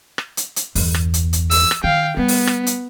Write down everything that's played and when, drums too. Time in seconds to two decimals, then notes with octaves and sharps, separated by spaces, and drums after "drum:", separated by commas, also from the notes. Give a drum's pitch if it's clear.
0.18 drum: rim click
0.37 drum: hi-hat
0.56 drum: hi-hat
0.75 G1 E2, drum: open hi-hat
0.94 drum: rim click
1.14 drum: hi-hat
1.33 drum: hi-hat
1.51 E6, drum: open hi-hat
1.71 drum: rim click
1.84 D#3 F5 G5
2.17 G3 B3
2.28 drum: open hi-hat
2.47 drum: rim click
2.67 drum: hi-hat